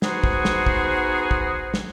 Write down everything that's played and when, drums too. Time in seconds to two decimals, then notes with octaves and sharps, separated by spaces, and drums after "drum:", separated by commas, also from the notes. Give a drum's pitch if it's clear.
0.02 B3 D#4 F#4 G#4 C5, drum: snare
0.24 drum: kick
0.45 drum: snare
0.66 drum: kick
1.31 drum: kick
1.74 drum: snare